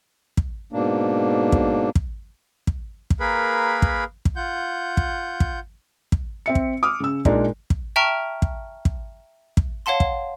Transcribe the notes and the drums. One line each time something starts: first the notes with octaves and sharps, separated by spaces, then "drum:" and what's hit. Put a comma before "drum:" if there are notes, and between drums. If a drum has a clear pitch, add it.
drum: kick
G#2 B2 A#3 D4
drum: kick
drum: kick
drum: kick
drum: kick
A#3 G#4 A#4 B4 B5
drum: kick
drum: kick
F4 F#5 G6
drum: kick
drum: kick
drum: kick
C4 E5 C#7
drum: kick
D6 D#6 F6
C#3 E6
A#2 G#3 D4 D#4 A#4, drum: kick
drum: kick
E5 G5 A5 A#5 C#6 F6
drum: kick
drum: kick
drum: kick
C#5 F5 F#5 A5 C6
drum: kick